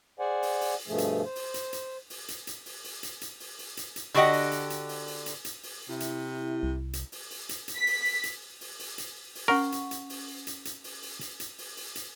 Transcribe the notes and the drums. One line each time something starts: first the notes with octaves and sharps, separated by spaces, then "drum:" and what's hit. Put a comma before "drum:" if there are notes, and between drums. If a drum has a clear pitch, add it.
G#4 C5 D5 F#5 G#5
drum: open hi-hat
drum: open hi-hat
G2 B2 F3 A3 G#4
drum: hi-hat
C5
drum: open hi-hat
drum: hi-hat
drum: hi-hat
drum: open hi-hat
drum: hi-hat
drum: hi-hat
drum: open hi-hat
drum: open hi-hat
drum: hi-hat
drum: hi-hat
drum: open hi-hat
drum: open hi-hat
drum: hi-hat
drum: hi-hat
D3 F#4 G4 D#5 F#5, drum: open hi-hat
drum: open hi-hat
drum: hi-hat
drum: hi-hat
drum: open hi-hat
drum: open hi-hat
drum: hi-hat
drum: hi-hat
drum: open hi-hat
C3 E4
drum: hi-hat
C2
drum: hi-hat
drum: open hi-hat
drum: open hi-hat
drum: hi-hat
drum: hi-hat
B6
drum: open hi-hat
drum: open hi-hat
drum: hi-hat
drum: open hi-hat
drum: open hi-hat
drum: hi-hat
drum: open hi-hat
C#4 A#4 F#5 C#6
drum: hi-hat
drum: hi-hat
drum: open hi-hat
drum: hi-hat
drum: hi-hat
drum: open hi-hat
drum: open hi-hat
drum: hi-hat
drum: hi-hat
drum: open hi-hat
drum: open hi-hat
drum: hi-hat